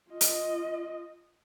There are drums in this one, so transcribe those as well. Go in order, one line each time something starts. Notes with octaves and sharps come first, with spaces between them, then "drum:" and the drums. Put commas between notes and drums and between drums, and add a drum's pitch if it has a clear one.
F4 D#5
drum: hi-hat